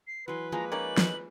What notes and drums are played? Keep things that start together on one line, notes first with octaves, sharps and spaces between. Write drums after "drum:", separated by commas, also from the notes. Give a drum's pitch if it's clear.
C7
E3 F#3 B4 C6
F3 G#3 A#3 A#5
A#3 C#4 D#4 D5 F#7
drum: snare